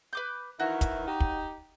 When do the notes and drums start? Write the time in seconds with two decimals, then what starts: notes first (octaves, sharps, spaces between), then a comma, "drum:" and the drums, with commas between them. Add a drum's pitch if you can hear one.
0.13 B4 D6 G6
0.60 D#3 E3 E4 F#4 C#5
0.81 drum: kick, hi-hat
1.07 D#4 G4
1.20 drum: kick